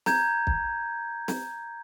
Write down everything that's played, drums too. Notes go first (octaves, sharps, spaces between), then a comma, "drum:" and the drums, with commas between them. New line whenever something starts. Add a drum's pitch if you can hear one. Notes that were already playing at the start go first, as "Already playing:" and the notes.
A#5 G6 G#6, drum: snare
drum: kick
drum: snare